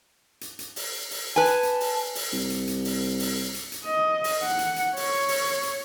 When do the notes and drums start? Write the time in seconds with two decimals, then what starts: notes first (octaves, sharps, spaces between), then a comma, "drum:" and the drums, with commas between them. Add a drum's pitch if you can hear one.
0.41 drum: hi-hat
0.59 drum: hi-hat
0.76 drum: open hi-hat
1.11 drum: open hi-hat
1.36 B4 G#5 A5
1.46 drum: hi-hat
1.63 drum: hi-hat
1.80 drum: open hi-hat
2.15 drum: open hi-hat
2.33 C2
2.50 drum: hi-hat
2.67 drum: hi-hat
2.85 drum: open hi-hat
3.20 drum: open hi-hat
3.54 drum: hi-hat
3.72 drum: hi-hat
3.85 D#5
4.24 drum: open hi-hat
4.43 F#5
4.59 drum: hi-hat
4.76 drum: hi-hat
4.96 C#5, drum: open hi-hat
5.28 drum: open hi-hat
5.63 drum: hi-hat